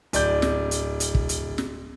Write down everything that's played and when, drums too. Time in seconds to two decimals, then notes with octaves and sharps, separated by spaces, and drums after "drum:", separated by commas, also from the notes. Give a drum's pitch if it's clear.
0.13 D1 D5 G6, drum: hi-hat
0.42 drum: snare
0.71 drum: hi-hat
1.00 drum: hi-hat
1.15 drum: kick
1.29 drum: hi-hat
1.58 drum: snare